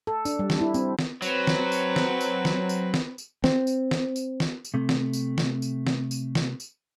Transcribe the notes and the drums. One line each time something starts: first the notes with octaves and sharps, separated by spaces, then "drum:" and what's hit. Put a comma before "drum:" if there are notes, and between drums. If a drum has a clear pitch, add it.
A4
D4, drum: tambourine
G3
drum: snare
E4
C4, drum: tambourine
drum: snare
F#3 C4 B4, drum: tambourine
drum: snare
drum: tambourine
drum: snare
drum: tambourine
drum: snare
drum: tambourine
drum: snare
drum: tambourine
C4, drum: snare
drum: tambourine
drum: snare
drum: tambourine
drum: snare
drum: tambourine
C3 A3
drum: snare
drum: tambourine
drum: snare
drum: tambourine
drum: snare
drum: tambourine
drum: snare
drum: tambourine